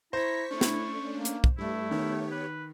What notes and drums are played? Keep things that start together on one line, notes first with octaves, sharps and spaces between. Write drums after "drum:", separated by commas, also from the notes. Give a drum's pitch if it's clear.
E4 C5 A#5 C#6 B6
A3 C#4 D4 E4 C#6
drum: snare
A#3
drum: hi-hat
drum: kick
G2 G3 A3 E4
D#3 B3 G4 C#5
B4